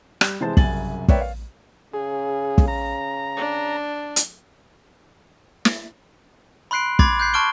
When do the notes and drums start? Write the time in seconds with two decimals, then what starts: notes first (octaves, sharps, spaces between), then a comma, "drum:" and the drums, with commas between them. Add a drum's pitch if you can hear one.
0.21 G3, drum: rim click
0.41 C3 E3 G#3 C5 A5 A6
0.57 C2 F#2 C#3 G#5 A6 F#7, drum: kick
1.08 A#4 B4 C#5 D5 E5 G5, drum: kick
1.21 F5
1.94 C#3 G#4
2.58 drum: kick
2.68 A#5
3.37 D4
4.16 drum: hi-hat
5.65 drum: snare
6.71 B5 C6 F#6 C7 D7
6.99 B5 C6 D6 G#6 A6, drum: kick
7.19 F#6 G6 C7
7.34 A5 C#6 F6 D7 G7